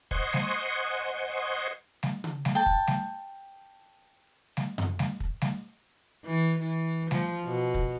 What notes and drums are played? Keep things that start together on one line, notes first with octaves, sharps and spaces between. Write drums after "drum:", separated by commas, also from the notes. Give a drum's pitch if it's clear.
C5 D#5 F#5 G#5 C6 C#6, drum: kick
drum: snare G3
drum: snare G3
drum: tom C#3
drum: snare G3
G5 A5
drum: kick
drum: snare G3
drum: snare G3
drum: tom F#2
drum: snare G3
drum: kick
drum: snare G3
E3
E3
F3, drum: snare G3
B2
drum: kick